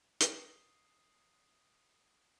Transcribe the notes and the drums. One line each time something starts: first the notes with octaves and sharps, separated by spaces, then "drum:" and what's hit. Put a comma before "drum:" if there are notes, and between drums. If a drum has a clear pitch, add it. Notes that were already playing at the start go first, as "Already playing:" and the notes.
D#6 C7, drum: hi-hat